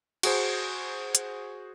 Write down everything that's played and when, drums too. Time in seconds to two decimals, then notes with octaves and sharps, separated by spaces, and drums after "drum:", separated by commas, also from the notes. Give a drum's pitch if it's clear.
0.23 F#4 G#4 C5, drum: cymbal
1.15 drum: hi-hat